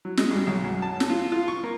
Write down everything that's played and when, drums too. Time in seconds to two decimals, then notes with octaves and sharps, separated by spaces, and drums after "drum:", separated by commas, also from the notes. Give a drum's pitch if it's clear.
0.05 F#3
0.17 G#3, drum: snare
0.31 G2
0.47 B1
0.64 F#2
0.82 A5
1.00 drum: snare
1.10 F4
1.32 F4
1.48 C#6
1.64 A#3